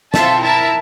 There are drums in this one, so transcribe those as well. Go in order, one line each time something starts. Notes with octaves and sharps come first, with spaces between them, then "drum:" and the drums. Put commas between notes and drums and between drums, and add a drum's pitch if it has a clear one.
C4 F4 A4 E5 A5, drum: snare
E4 A#4 E5 A5